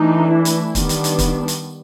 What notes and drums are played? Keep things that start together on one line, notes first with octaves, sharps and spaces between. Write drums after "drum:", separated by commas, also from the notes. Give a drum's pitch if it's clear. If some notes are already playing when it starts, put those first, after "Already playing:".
Already playing: E3 A3 D4 D#4
E4
drum: hi-hat
D#3 G3 B3 D4, drum: kick, hi-hat
drum: hi-hat
drum: hi-hat
drum: kick, hi-hat
drum: hi-hat